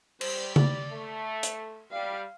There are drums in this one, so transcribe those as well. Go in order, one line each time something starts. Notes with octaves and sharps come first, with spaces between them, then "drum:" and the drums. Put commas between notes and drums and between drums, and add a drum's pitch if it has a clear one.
G3 C5, drum: cymbal
D5, drum: tom C#3
A3
drum: hi-hat
G3 F5